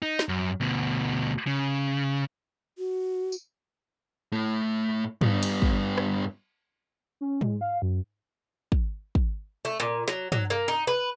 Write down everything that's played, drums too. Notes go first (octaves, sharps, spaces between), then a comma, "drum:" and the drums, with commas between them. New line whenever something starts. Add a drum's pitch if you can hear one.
D#4
drum: snare
F#2
D2 B2
C#3
F#4
drum: tambourine
A2 A3
G2 B3, drum: tom
drum: cymbal
drum: kick
drum: rim click
C#4
G#3, drum: tom G#2
F5
F#2
drum: kick
drum: kick
A3
A#2
F#3, drum: snare
F#3, drum: tom
A#3
D#4
B4